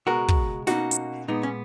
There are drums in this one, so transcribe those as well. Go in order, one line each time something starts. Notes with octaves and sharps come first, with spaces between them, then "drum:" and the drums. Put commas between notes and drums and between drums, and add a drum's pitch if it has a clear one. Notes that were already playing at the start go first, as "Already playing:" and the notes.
C#2 B2 G#3 F#4 A#4
drum: kick
B2 A#3 C#4 D#4 F#4, drum: snare
drum: hi-hat
A#2 G#3 B3 D#4
C#4